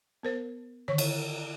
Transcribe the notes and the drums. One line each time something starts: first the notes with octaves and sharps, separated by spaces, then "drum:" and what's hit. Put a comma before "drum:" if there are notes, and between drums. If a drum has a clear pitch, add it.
B3 A#4 C5
D3 D#3 C#5 C#6
drum: cymbal